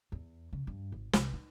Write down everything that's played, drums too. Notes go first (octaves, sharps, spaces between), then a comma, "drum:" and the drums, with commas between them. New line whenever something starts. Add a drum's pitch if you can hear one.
E2
C#3
G2
G#1
C2, drum: snare
D#4